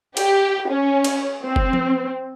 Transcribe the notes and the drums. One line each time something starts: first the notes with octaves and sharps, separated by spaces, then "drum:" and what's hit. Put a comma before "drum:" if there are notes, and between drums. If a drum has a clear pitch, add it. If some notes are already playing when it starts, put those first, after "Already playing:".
G4, drum: cymbal
C#4
drum: cymbal
C4
drum: kick
drum: tom F3